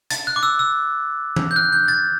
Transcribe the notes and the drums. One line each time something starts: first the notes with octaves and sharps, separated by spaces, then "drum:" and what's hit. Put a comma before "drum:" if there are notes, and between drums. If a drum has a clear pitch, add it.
A6, drum: hi-hat
F#6
D6
E6
E6
drum: tom E3
G6
F#6
G6
A6